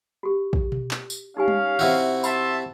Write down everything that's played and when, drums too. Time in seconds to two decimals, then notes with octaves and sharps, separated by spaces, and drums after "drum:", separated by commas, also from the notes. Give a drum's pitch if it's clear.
0.23 F#4 G4
0.53 drum: kick
0.72 drum: tom B2
0.91 drum: clap
1.10 drum: tambourine
1.37 C#4 D#4 G4 F5 G#5
1.48 drum: tom G3
1.79 C3 E4 F#4
2.24 E5 A5 B5 C6, drum: tambourine